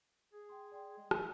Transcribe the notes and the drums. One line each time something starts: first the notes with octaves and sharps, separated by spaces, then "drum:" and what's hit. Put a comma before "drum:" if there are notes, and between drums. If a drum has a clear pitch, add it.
G#4
G5 C6
D5 G5 C6
G#3
A3, drum: rim click